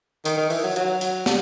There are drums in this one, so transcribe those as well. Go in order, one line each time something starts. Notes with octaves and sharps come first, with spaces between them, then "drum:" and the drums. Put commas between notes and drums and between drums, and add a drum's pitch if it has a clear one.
D#3, drum: hi-hat
D#3
E3, drum: open hi-hat
F#3
F#3, drum: hi-hat
drum: hi-hat
G3, drum: snare